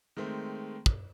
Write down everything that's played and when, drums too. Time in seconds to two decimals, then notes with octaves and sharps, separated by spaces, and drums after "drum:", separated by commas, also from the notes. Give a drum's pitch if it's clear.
0.17 D#3 G#3 A3 C4
0.86 drum: kick